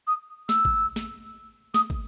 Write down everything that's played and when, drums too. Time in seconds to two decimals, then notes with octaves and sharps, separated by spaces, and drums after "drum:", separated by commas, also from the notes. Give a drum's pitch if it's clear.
0.07 D#6
0.49 E6, drum: snare
0.65 drum: kick
0.96 drum: snare
1.74 D#6, drum: snare
1.90 drum: kick